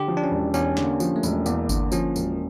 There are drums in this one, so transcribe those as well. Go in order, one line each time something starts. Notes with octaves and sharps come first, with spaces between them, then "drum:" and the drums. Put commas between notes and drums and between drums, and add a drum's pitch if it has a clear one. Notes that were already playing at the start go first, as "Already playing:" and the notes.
Already playing: D3 G4
F3
D4
C#4
E1
E2 C#4, drum: tambourine
D3, drum: snare
A#3
F3, drum: tambourine
A3
E1, drum: tambourine
E2 A#3, drum: tambourine
D3, drum: kick G1, tambourine
F3 C#4, drum: tambourine
E1, drum: tambourine